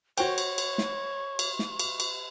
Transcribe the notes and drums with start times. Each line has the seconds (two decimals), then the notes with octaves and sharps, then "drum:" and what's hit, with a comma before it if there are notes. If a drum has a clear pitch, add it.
0.18 F#4 C5 C#5 G5 C#6, drum: cymbal
0.38 drum: cymbal
0.58 drum: cymbal
0.78 drum: snare
1.39 drum: cymbal
1.59 drum: snare
1.79 drum: cymbal
2.00 drum: cymbal